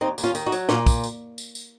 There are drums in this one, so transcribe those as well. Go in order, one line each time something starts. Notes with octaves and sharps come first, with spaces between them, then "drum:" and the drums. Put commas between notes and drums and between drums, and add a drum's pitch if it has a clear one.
D#2 C4 D#4
D#2, drum: tambourine
C#4 F4
D#3, drum: tambourine
D#4 F#4
F#3, drum: tambourine
A#2 C#4 F4, drum: snare
drum: kick, tambourine
drum: tambourine
drum: tambourine
drum: tambourine